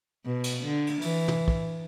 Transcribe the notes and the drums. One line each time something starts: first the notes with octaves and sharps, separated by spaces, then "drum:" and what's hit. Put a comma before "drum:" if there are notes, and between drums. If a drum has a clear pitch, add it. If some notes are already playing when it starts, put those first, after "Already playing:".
B2
drum: cymbal
D3
drum: cymbal
E3, drum: open hi-hat
drum: tom
drum: kick